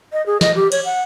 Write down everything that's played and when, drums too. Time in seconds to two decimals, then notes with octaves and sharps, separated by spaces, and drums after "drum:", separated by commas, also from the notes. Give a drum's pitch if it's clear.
0.13 D#5
0.26 G#4
0.41 D#5, drum: snare
0.56 G4
0.72 C#5, drum: cymbal
0.85 F#5